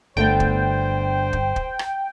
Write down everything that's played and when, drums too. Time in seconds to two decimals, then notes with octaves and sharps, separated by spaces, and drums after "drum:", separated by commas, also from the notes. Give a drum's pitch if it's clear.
0.17 G1 D3 A3 B3 C5 G5
0.40 drum: kick
1.33 drum: kick
1.56 drum: kick
1.79 drum: rim click